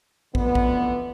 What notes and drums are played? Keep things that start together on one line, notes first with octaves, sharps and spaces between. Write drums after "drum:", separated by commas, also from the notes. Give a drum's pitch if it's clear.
F2 A2 D3 E3 B3, drum: kick
drum: kick